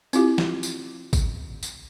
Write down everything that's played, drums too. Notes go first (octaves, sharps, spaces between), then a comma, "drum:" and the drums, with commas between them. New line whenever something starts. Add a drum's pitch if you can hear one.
C4 E4 F4 G4, drum: tambourine
drum: snare
drum: tambourine
drum: kick, tambourine
drum: tambourine